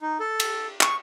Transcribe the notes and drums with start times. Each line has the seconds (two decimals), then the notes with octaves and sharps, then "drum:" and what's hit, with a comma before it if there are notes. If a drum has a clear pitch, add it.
0.01 D#4
0.20 A4
0.40 drum: cymbal
0.81 C#6, drum: clap